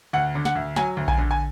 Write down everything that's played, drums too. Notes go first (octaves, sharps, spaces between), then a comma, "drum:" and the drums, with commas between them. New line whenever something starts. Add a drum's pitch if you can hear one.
D2 F#5
D3
F#5, drum: snare
D2
F#3 G#5, drum: snare
D2
G#5, drum: kick A#1
D3
G#5